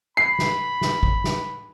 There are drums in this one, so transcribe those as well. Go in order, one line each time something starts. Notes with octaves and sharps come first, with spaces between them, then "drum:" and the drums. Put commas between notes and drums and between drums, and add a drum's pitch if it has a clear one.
B5 C7
drum: snare
drum: snare
drum: kick
drum: snare